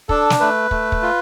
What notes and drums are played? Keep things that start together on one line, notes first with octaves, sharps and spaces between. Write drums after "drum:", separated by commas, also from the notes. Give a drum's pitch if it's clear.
D4 A4, drum: kick
drum: snare
A3 B4
A3, drum: kick
drum: kick
F4